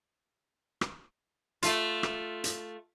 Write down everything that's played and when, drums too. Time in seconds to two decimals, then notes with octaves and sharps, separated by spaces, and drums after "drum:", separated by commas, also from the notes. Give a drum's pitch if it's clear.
0.81 drum: rim click
1.63 A3 F4, drum: hi-hat
2.03 drum: rim click
2.44 drum: hi-hat